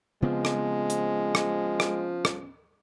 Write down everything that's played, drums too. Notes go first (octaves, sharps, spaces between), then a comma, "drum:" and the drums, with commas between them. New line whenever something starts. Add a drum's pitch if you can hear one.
C#3 F3 G#3 B3 C4
drum: rim click
drum: hi-hat
drum: rim click
drum: rim click
drum: rim click